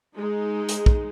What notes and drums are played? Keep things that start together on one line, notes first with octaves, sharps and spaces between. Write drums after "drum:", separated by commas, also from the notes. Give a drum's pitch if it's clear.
G#3 D#4
drum: hi-hat
drum: kick